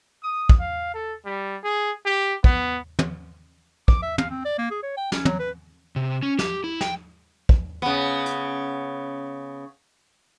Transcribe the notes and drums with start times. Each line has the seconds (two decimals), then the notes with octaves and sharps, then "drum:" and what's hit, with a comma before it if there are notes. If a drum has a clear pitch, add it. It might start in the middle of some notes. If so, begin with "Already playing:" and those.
0.23 D#6
0.49 drum: kick
0.59 F5
0.94 A4
1.26 G3
1.64 G#4
2.06 G4
2.44 B3, drum: kick
2.99 drum: tom
3.88 D6, drum: kick
4.02 E5
4.18 F5, drum: tom
4.30 C4
4.45 D5
4.59 A#3
4.70 G#4
4.83 C#5
4.97 G5
5.12 C#4, drum: snare
5.25 F#3, drum: tom
5.39 B4
5.96 C3
6.23 C#4
6.39 G4, drum: snare
6.64 E4
6.81 G5, drum: snare
7.49 drum: kick
7.82 C#3 B3
8.26 drum: hi-hat